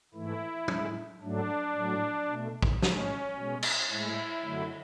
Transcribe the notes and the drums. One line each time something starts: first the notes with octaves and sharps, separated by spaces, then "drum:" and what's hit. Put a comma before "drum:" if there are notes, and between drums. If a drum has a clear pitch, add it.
G#2 E3 A3 E4
A2 G#3, drum: tom
G#2 F#3 A3 D4
A2 F#3 A3
B2 A3
drum: kick
A2 G#3 C#4, drum: snare
B2 G#3
drum: cymbal
A2 G#3 E4
F#2 D3 F#3 A3